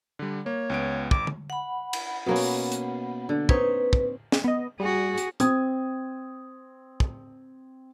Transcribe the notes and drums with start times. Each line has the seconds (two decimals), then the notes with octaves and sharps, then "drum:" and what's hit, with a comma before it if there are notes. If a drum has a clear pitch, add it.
0.19 D3 G3
0.46 A#3 C#5
0.70 C#2 B3 D7
1.11 G#1 D6, drum: kick
1.27 drum: tom D3
1.50 F#5 B5
1.93 drum: cymbal
2.26 B2 A#3 C#4
2.36 drum: open hi-hat
2.72 drum: hi-hat
3.29 D3
3.49 C4 D#4 B4 C#5, drum: kick
3.93 drum: kick
4.32 drum: snare
4.44 B3 D#5
4.80 G3 F#4 G#4
5.18 drum: hi-hat
5.40 C4 D#6 G#6, drum: hi-hat
7.00 drum: kick